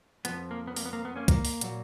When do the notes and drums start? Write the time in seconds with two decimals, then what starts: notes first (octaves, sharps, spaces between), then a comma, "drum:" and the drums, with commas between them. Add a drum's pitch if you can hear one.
0.25 F2 F3 B3, drum: hi-hat
0.51 A#3
0.67 B3
0.76 A#3, drum: open hi-hat
0.85 B3
0.93 A#3
1.05 B3
1.16 A#3 C#4
1.28 A#3, drum: kick, hi-hat
1.45 drum: open hi-hat
1.61 A#2 F#3, drum: hi-hat